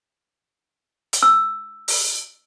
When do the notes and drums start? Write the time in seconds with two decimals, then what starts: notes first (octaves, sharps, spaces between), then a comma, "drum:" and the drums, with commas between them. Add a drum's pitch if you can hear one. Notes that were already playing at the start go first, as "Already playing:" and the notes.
1.13 drum: hi-hat
1.23 E6
1.88 drum: open hi-hat